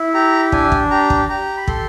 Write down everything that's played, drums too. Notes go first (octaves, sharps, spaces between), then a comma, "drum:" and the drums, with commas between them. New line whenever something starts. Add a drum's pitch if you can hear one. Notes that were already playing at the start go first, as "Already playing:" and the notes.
Already playing: E4
G4 A#5
D4 G#5, drum: kick
drum: kick
G4 A#5
drum: kick
G4 A#5
B5
A4 C6, drum: kick